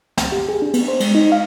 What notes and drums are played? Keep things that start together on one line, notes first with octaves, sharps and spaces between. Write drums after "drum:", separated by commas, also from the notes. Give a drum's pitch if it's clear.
C#2, drum: snare
G4
G#4
D4
B3, drum: cymbal
C5
G#3, drum: cymbal
D#4
F5